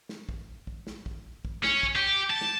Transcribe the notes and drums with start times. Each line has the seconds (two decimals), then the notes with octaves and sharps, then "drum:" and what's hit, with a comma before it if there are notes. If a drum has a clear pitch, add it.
0.09 drum: snare
0.29 drum: kick
0.67 drum: kick
0.87 drum: snare
1.06 drum: kick
1.45 drum: kick
1.64 C#4, drum: snare
1.83 drum: kick
1.96 G4
2.31 A5
2.41 drum: snare